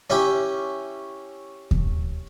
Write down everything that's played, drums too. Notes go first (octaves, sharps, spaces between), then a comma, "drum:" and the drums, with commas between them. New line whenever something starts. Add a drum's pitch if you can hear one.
C#4 E4 G4
drum: kick D#2